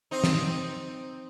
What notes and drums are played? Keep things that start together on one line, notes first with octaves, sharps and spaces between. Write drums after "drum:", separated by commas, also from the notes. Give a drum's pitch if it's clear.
C4 D#4
drum: snare